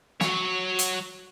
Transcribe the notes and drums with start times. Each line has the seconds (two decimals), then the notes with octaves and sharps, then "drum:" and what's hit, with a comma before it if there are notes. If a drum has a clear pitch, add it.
0.21 F#3 C#5, drum: snare
0.79 drum: hi-hat